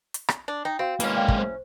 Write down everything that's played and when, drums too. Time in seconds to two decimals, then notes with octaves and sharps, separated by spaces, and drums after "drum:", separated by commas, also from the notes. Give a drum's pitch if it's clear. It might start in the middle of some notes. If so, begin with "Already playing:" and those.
0.14 drum: hi-hat
0.28 drum: rim click
0.48 D4
0.65 D#4 G5
0.79 C4 F#4 F5 G5
1.00 E3 G#3 A#3 C#4, drum: hi-hat
1.17 D5 F5 G5
1.28 drum: kick
1.38 C5